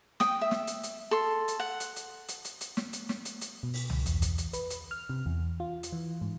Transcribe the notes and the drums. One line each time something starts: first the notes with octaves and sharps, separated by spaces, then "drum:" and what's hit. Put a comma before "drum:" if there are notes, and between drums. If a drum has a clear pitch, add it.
G5 D#6, drum: snare
E5
drum: snare
drum: hi-hat
drum: hi-hat
A4 C6
drum: hi-hat
F#5
drum: hi-hat
drum: hi-hat
drum: hi-hat
drum: hi-hat
drum: hi-hat
drum: snare
drum: hi-hat
drum: snare
drum: hi-hat
drum: hi-hat
B2
drum: open hi-hat
drum: tom C2
E2, drum: hi-hat
drum: kick, hi-hat
drum: hi-hat
B4, drum: hi-hat
drum: hi-hat
F6
C3
E2
F4
drum: hi-hat
E3
G#2